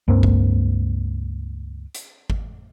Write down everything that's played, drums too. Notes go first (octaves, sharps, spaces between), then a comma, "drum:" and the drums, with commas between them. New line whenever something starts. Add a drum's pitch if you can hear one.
C#2 G2 A#3 C4
drum: kick G#1
drum: hi-hat
drum: kick G#1